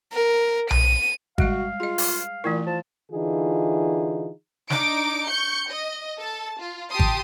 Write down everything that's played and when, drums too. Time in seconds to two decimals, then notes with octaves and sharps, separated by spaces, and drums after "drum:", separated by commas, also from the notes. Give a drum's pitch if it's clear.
0.13 A#4
0.71 D#7, drum: tom B1
1.38 G3 G#3 F#4 D#5 F5, drum: kick G#1
1.80 F4 G#4 D#5
1.98 drum: open hi-hat
2.44 A#2 E3 A3 E4
2.67 F3 A5
3.12 D3 E3 D#4 F4 G#4
4.70 D4 D#4 D6 D7, drum: snare
5.26 C#6 G6 C#7
5.69 D#5
6.19 A4 A5
6.60 F4
6.90 G4 A5 C6 D#6
6.99 drum: kick G#1